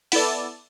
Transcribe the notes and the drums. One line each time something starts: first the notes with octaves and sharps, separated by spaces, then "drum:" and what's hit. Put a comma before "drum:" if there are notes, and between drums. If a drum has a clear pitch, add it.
B3 E4 A4 D5, drum: open hi-hat